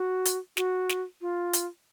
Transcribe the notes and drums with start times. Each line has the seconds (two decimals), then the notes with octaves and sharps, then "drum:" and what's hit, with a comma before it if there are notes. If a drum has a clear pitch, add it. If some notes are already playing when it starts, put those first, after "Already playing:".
Already playing: F#4
0.25 drum: hi-hat
0.57 F#4, drum: snare
0.89 drum: snare
1.21 F4
1.53 drum: hi-hat